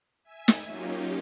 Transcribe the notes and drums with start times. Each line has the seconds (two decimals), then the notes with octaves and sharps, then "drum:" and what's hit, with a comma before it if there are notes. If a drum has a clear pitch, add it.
0.24 E5 G#5
0.48 drum: snare
0.66 F#3 A#3 C#4 D#4 F4 G4